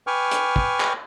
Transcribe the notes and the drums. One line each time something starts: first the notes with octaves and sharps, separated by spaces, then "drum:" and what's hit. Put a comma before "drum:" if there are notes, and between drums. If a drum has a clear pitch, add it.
B4 G5 G#5 C#6 D6 F6
drum: hi-hat
drum: kick
drum: clap